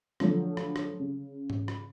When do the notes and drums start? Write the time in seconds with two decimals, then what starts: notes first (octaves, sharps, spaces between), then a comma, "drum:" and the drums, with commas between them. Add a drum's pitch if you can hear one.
0.20 D3 F3 F#3 A3, drum: rim click
0.57 drum: rim click
0.76 drum: rim click
1.00 C#3
1.50 drum: tom G#2
1.68 drum: rim click